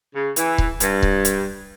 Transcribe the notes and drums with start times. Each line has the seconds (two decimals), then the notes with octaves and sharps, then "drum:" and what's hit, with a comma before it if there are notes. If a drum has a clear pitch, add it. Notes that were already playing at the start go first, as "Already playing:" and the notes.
0.14 C#3
0.36 E3, drum: hi-hat
0.58 drum: kick C#1
0.80 G2, drum: hi-hat
1.03 drum: kick C#1
1.25 drum: hi-hat